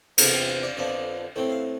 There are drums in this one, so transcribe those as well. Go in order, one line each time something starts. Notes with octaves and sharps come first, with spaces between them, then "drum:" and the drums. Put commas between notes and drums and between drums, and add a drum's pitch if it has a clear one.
E2 C3 F3 B3 A4, drum: cymbal
G5
F5
D5
F2 D3 F3 B3 D4 E5
A2 E3 A3 C4 G5
F5